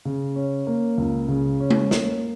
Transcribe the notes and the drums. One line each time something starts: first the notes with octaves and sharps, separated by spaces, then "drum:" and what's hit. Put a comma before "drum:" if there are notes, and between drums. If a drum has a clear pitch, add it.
C#3
C#4
A#3
C#2
C#3
C#4
drum: tom G#3
A#3, drum: snare